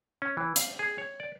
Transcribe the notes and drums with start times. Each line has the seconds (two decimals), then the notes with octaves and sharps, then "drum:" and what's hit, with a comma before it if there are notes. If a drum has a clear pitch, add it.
0.22 C#4
0.37 E3
0.56 F5, drum: hi-hat
0.79 G#4
0.98 C#5
1.20 D5